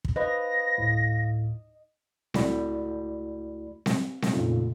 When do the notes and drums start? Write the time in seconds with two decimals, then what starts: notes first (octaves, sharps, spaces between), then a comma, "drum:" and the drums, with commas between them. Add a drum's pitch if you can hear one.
0.05 drum: kick
0.16 B4 C5 D#5 F5 B5 A#6
0.78 D2 A2
2.34 C#2 A3 E4 F#4 D5 B5, drum: snare C4
3.86 drum: snare C4
4.22 drum: snare C4
4.33 F2 A#2 C#3 A3 D#4 F4